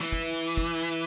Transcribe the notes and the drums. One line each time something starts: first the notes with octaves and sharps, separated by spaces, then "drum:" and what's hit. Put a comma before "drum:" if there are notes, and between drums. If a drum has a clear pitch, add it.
E3
drum: kick
drum: kick